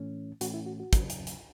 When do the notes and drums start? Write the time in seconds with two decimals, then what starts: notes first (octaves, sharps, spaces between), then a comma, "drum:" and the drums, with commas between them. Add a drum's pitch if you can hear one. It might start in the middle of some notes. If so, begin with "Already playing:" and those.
Already playing: A2 E3 A3 C#4
0.41 A2 E3 A3 C#4 F#4, drum: hi-hat
0.54 E4
0.66 F#4
0.80 F#4
0.93 E2 C#3 F#3, drum: kick, hi-hat
1.10 drum: hi-hat
1.27 drum: hi-hat